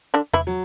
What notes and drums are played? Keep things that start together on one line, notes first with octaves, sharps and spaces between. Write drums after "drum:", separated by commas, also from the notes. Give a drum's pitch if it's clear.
D3 D4
E3 E4, drum: tom E2
F#3